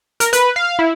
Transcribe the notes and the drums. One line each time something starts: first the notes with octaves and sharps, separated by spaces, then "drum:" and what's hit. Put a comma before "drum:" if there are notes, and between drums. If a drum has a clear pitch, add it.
A#4, drum: hi-hat
B4, drum: hi-hat
F5
E4